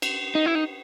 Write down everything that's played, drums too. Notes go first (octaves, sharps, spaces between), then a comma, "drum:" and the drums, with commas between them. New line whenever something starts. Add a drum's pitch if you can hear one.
drum: cymbal
D#4
E4
D#4